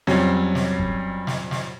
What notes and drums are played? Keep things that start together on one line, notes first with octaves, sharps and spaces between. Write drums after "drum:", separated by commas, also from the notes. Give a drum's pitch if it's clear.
F2 F#3 G3 C#4, drum: snare
drum: snare
drum: kick
drum: snare
drum: snare